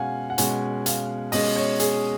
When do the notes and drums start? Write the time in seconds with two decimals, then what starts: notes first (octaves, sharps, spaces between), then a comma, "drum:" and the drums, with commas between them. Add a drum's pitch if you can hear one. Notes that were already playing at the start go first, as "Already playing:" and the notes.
Already playing: B2 G#3 C#4 F5 F#5 G#5
0.30 F#5
0.38 B2 G#3 C#4 G#5, drum: hi-hat
0.86 F5, drum: hi-hat
1.32 B2 G#3 C#4 D#5, drum: open hi-hat
1.56 C#5
1.80 G#4, drum: hi-hat